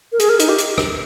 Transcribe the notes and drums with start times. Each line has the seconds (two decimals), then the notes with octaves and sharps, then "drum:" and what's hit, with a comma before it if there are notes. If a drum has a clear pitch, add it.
0.12 A#4
0.19 G#4, drum: hi-hat
0.29 A#4
0.39 D#4, drum: hi-hat
0.49 G4
0.58 drum: hi-hat
0.78 drum: rim click